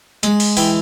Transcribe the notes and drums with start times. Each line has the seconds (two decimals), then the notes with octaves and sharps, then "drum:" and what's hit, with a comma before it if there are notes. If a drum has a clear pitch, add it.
0.23 G#3, drum: hi-hat
0.40 drum: open hi-hat
0.57 E3 G5, drum: open hi-hat